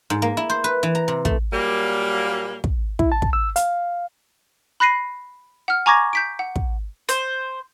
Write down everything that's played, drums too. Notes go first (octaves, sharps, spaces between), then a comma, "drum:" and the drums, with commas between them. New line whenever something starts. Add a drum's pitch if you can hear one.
G#2
A#3
E4
C5
B4
E3
A#5
C3
A3, drum: kick
A#2 F#3 G3 A#3
drum: kick
E4, drum: kick
A5
drum: kick
E6
F5, drum: hi-hat
B5 F#6 A#6 C7 D#7
F#5 F6
G#5 A#5 C#6 D6 G#6 A#6
G6 B6 D7
F#5
drum: kick
C5, drum: hi-hat